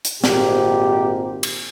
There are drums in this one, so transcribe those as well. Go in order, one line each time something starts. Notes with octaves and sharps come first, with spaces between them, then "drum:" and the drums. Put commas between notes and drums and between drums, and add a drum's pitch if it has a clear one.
drum: hi-hat
G#1 A#2 C4 G4 A#4, drum: snare
drum: cymbal